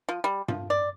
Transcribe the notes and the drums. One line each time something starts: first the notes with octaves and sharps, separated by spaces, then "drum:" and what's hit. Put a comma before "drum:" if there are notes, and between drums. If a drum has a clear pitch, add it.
F3
G3
F3, drum: tom G2
D5